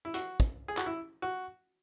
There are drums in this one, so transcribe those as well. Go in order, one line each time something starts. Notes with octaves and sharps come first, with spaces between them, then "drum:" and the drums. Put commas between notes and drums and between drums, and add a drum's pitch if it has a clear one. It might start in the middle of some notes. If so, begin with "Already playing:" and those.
E4
F#4, drum: hi-hat
drum: kick
G#4
F#4, drum: clap
E4
F#4